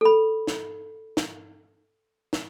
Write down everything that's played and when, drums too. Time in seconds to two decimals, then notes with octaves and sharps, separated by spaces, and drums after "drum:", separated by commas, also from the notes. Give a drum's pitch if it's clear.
0.01 A4 B5
0.47 drum: snare
1.17 drum: snare
2.33 drum: snare